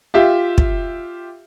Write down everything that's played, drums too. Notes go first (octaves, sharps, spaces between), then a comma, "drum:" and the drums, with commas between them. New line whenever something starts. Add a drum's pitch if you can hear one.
F4 G4 E5
drum: kick